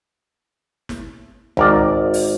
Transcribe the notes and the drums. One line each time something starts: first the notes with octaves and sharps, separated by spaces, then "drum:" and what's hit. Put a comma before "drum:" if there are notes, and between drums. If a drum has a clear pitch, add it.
drum: snare
G#1 A#4 D5, drum: tom C2
drum: open hi-hat